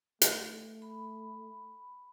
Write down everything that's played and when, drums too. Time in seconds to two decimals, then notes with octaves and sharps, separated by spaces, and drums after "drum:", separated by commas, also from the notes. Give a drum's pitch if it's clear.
0.22 A3, drum: hi-hat
0.82 B5